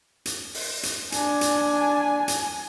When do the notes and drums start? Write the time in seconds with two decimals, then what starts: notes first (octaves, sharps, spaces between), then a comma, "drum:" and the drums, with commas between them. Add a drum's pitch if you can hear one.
0.25 drum: hi-hat
0.54 drum: open hi-hat
0.83 drum: hi-hat
1.12 D4 G#5, drum: hi-hat
1.41 drum: hi-hat
2.28 drum: hi-hat